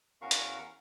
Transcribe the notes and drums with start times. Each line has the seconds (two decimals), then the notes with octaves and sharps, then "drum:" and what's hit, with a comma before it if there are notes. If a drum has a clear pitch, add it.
0.22 E2 C#4 F#4 A#4 F5 C#6
0.31 drum: hi-hat